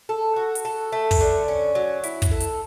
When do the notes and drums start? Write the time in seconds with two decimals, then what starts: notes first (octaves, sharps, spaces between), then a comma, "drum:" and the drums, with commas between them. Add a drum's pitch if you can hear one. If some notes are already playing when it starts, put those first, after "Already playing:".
0.09 A4
0.36 F#4
0.55 drum: hi-hat
0.65 A4
0.92 A3
1.11 drum: kick, open hi-hat
1.21 D3
1.48 C#4
1.75 F#3
2.03 E4, drum: hi-hat
2.22 drum: kick, hi-hat
2.31 A4
2.40 drum: hi-hat